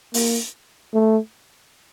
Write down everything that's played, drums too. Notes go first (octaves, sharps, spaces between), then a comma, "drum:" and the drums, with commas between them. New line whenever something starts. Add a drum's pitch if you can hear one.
A#3, drum: open hi-hat
A3